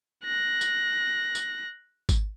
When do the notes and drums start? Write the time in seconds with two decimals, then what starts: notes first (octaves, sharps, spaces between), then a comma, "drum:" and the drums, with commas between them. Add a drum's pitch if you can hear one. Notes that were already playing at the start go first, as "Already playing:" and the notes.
0.24 F#6 A#6
0.61 drum: tambourine
1.35 drum: tambourine
2.09 drum: kick G#1, tambourine